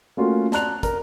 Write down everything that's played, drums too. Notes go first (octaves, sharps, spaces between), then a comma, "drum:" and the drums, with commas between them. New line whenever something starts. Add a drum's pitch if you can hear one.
A3 A#3 C#4 F4 F#4
D5 A5 A#5 F#6 F7, drum: snare
A#4, drum: kick, hi-hat